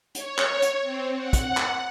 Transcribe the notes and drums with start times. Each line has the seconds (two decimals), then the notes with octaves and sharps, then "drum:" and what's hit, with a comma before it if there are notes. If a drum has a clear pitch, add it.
0.15 C#5, drum: hi-hat
0.38 drum: clap
0.62 drum: hi-hat
0.82 C4
1.17 F#5
1.33 drum: kick, hi-hat
1.57 drum: clap